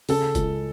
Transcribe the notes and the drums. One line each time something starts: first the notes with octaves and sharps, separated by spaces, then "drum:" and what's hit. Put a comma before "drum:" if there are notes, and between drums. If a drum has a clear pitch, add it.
C#3 A4, drum: open hi-hat
C#2, drum: kick F1, hi-hat